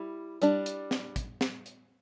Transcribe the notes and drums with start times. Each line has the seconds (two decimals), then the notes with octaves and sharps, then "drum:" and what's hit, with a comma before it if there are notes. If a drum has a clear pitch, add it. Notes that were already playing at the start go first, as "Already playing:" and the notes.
Already playing: G3 E4
0.42 G3 D4, drum: hi-hat
0.66 drum: hi-hat
0.91 drum: snare
1.16 drum: kick, hi-hat
1.41 drum: snare
1.66 drum: hi-hat